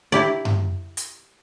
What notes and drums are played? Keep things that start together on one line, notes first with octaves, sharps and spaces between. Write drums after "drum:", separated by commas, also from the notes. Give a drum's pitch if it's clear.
E4 G4 D5
drum: tom F#2
drum: hi-hat